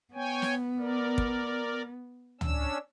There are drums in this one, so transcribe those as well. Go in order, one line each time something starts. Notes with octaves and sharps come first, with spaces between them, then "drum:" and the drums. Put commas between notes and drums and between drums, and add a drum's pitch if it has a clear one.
B3 C#5 G5 G#5
drum: snare
A#4 D5
drum: kick
C#4 D4 E6, drum: tom